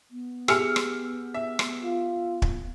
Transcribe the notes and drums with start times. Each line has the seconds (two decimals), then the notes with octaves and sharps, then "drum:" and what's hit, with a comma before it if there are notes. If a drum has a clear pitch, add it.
0.11 B3
0.48 G4 G#4 E6 F6 C#7, drum: rim click
0.76 drum: rim click
1.34 E5
1.59 drum: rim click
1.83 F4
2.42 drum: kick